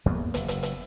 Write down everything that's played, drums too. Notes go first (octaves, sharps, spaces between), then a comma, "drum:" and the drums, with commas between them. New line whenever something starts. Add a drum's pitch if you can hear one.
E2 A#3 B3
F#1, drum: hi-hat
drum: hi-hat
drum: hi-hat